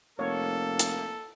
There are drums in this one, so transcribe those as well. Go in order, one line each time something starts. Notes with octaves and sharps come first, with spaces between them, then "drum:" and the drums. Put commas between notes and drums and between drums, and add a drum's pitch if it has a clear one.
F1 A#3 A4 C#5
drum: hi-hat